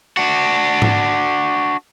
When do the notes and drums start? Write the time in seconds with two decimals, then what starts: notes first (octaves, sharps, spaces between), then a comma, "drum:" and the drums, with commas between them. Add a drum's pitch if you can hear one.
0.17 D4 F#4
0.82 drum: tom G#2